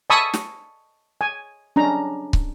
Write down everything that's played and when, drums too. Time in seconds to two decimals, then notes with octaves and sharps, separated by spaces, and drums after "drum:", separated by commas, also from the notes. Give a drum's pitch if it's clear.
0.10 G#5 A5 B5 C#6 D#6 E6
0.34 drum: snare
1.21 G#5
1.76 C#4 D4 A#5
2.33 drum: kick